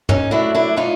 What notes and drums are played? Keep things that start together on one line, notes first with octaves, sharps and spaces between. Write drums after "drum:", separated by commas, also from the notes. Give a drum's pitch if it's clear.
C#4 D#4, drum: tom
F#3 A3 D4 E4
D4 E4
A2 D#4 F4